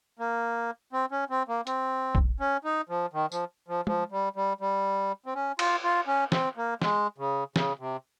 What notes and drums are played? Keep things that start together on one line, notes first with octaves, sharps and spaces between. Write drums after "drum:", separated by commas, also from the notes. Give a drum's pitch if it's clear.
A#3
C4
C#4
C4
A#3
C4, drum: hi-hat
drum: kick
C#4
D#4
F3
D#3
F3, drum: tambourine
F3
F3, drum: tom
G3
G3
G3
C4
C#4
F4, drum: cymbal
F4
C#4
C4, drum: snare
A#3
G#3, drum: snare
C#3
C#3, drum: snare
C3